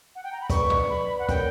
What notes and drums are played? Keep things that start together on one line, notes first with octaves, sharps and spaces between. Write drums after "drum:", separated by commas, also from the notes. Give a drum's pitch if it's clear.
F#5
G5
A#5
B5
B4 D5 C#6, drum: kick, hi-hat
drum: tom
B5
F#5
A#4 C#5 G5, drum: kick, hi-hat